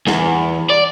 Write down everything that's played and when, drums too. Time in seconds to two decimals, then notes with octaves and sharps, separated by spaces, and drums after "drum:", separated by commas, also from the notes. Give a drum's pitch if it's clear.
0.07 E2, drum: snare
0.70 D5